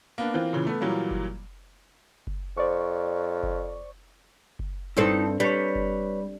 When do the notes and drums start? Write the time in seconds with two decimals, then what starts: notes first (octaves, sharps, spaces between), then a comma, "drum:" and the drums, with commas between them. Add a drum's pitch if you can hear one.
0.18 A#3 B3 D4
0.34 E3 A#3 C4 F4
0.53 A#2 C#3 E3
0.67 A3 B3
0.81 A#2 E3 F#3 G3 A#3
1.11 drum: kick F#1
2.27 drum: kick F#1
2.57 F2 C5 D5 C#6
3.43 drum: kick F#1
4.59 drum: kick F#1
4.97 G2 C4 D#4 E4 A4
5.40 G3 B4 C#5
5.75 drum: kick F#1